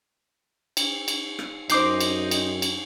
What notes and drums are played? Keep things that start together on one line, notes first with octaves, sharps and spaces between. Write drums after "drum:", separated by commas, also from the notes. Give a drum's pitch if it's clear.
drum: cymbal
drum: cymbal
drum: rim click
F#2 D#4 C5 D#5 D6 G6 C7, drum: cymbal
drum: cymbal
drum: cymbal
drum: cymbal